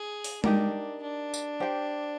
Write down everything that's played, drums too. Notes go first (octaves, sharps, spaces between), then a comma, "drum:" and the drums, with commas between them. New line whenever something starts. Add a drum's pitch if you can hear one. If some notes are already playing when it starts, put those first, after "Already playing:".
Already playing: G#4
drum: open hi-hat
D4 D#4 G4 A#4, drum: tom G#3
D4
drum: tambourine
G4 C5 G5